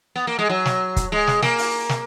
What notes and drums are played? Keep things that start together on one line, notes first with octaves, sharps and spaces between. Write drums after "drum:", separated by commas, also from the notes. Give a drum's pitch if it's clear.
B3
A#3
G#3
F#3
drum: snare
drum: kick, hi-hat
G#3
drum: snare
A#3, drum: snare
drum: open hi-hat
drum: snare